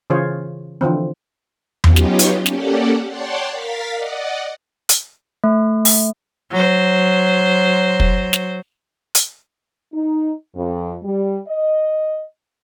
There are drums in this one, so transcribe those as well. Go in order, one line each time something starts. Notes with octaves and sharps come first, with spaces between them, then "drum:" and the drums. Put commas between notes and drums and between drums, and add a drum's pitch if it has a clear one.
C#3 E3 F4 G#4 C5 C#5
D3 E3 F3 C4
F#3 B3 C#4 D#4 F4 G4, drum: tom E2
drum: snare
drum: hi-hat
A#3 C#4 G4 A4 D5 F#5, drum: snare
C#5 D5 F#5 G5 A5 C6
A#4 F5 A6 B6
D5 D#5 F#5
drum: hi-hat
A3
drum: open hi-hat
F#3 C5
drum: kick
drum: snare
drum: hi-hat
D#4
F2
G3
D#5